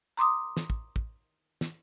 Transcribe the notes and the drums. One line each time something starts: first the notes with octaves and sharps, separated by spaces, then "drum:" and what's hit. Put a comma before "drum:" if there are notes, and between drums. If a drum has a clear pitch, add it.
A#5 C6 D6 D#6
drum: snare
drum: kick
drum: kick
drum: snare